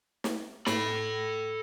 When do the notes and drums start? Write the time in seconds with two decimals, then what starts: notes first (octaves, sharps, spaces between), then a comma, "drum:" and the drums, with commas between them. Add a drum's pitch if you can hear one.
0.24 drum: snare
0.66 A4 B5, drum: snare